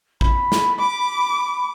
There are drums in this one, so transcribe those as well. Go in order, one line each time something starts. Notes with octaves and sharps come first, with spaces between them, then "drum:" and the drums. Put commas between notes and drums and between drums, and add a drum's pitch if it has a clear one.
B5, drum: kick A1
drum: snare
D6